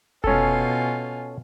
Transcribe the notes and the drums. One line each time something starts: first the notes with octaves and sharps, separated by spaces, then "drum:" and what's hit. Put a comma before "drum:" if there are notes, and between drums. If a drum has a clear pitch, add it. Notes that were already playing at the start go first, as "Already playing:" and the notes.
B2 C#4 F4 A4 G#5, drum: kick F1